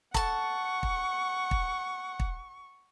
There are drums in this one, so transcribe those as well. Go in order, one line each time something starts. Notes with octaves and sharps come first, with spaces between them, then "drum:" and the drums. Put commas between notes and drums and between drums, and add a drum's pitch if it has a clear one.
A4 F#5 A5 C#6, drum: kick
drum: kick
drum: kick
drum: kick